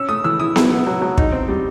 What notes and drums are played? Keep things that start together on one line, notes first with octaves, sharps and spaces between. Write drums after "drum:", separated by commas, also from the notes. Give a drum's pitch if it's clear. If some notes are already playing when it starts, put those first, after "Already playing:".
Already playing: C#4 E6
A3 D#6
E3 E6
E4 D#6
E4, drum: snare B3
B3
F#3
F#3
D#4, drum: kick
C4
G3